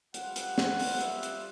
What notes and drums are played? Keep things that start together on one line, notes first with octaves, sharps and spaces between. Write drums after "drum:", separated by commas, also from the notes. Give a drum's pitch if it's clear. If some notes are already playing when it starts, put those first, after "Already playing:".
G3 C4 F4 F#5, drum: hi-hat
drum: hi-hat
drum: snare
drum: open hi-hat
E5, drum: hi-hat
drum: hi-hat